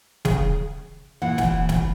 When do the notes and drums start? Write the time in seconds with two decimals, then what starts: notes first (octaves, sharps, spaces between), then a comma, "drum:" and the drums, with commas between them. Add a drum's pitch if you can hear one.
0.25 C#3 G#4, drum: snare
1.22 A#2 E3 F#5
1.38 drum: snare
1.69 drum: snare